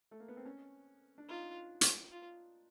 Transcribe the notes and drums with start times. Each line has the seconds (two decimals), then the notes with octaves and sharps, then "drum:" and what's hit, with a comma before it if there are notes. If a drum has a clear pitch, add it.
0.11 A3
0.20 A#3
0.28 B3
0.37 C4
0.45 C#4
1.18 D4
1.28 D#4 F4
1.81 drum: hi-hat
2.12 F4